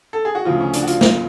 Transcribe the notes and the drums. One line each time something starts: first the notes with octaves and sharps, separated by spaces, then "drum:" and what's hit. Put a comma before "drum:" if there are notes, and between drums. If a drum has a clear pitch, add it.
A4
G#4
F#4
D2 C#3 F3 F4
C#4
D4, drum: hi-hat
F#4
F4, drum: hi-hat
drum: snare